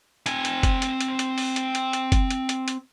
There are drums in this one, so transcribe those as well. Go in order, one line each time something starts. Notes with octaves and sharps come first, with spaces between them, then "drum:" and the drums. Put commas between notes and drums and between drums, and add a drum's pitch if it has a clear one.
C4 G#5, drum: hi-hat
drum: hi-hat
drum: kick, hi-hat
drum: hi-hat
drum: hi-hat
drum: hi-hat
drum: open hi-hat
drum: hi-hat
drum: hi-hat
drum: hi-hat
drum: kick, hi-hat
drum: hi-hat
drum: hi-hat
drum: hi-hat